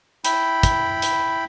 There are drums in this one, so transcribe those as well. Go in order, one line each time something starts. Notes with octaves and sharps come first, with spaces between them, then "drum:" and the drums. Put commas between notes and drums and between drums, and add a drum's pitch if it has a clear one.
E4 G5 B5, drum: hi-hat
drum: kick, hi-hat
drum: hi-hat